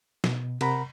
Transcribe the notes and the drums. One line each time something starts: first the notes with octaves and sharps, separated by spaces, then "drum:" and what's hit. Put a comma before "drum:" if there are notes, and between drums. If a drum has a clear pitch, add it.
B2, drum: snare
C3 A#4 F#5 A#5 B5, drum: cymbal